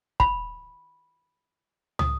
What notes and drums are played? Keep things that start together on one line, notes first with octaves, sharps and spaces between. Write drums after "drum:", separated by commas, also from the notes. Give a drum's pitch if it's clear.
B5, drum: kick
D#6, drum: tom